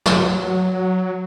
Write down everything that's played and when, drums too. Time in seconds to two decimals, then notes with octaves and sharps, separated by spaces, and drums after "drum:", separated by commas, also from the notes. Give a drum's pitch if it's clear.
0.06 F#3, drum: snare